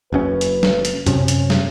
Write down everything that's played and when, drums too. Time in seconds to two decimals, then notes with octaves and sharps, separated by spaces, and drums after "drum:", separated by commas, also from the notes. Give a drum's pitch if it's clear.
0.13 F#1 F#2 C#4 B4
0.41 drum: hi-hat
0.63 drum: snare
0.85 drum: hi-hat
1.06 F#2 C3 C#4, drum: hi-hat
1.28 drum: hi-hat
1.50 drum: snare